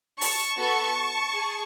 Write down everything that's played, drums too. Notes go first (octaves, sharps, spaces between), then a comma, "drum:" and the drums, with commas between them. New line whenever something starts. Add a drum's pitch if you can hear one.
A5 C#6, drum: open hi-hat
B3 F#4 A4
G#4